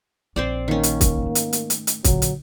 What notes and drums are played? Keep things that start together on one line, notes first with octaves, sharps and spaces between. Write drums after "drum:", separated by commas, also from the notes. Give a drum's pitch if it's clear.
A#1 C4 C5 D5
D#3 A#3 C#4
drum: hi-hat
drum: kick, hi-hat
G#2 A3
drum: hi-hat
drum: hi-hat
drum: hi-hat
drum: hi-hat
A#2 D3 F#3, drum: kick, hi-hat
drum: hi-hat